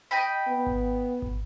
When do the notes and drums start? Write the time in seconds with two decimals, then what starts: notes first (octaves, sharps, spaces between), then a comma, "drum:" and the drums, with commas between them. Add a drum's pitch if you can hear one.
0.11 D#5 G5 B5
0.48 B3
0.66 drum: kick G#1
1.22 drum: kick G#1